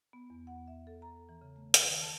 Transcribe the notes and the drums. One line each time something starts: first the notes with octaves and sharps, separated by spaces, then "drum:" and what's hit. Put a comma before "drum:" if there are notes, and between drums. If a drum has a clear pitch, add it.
B3
E2
F#5
E5
A4
A#5
E3
C#3
A3
G5, drum: hi-hat
D#3
A5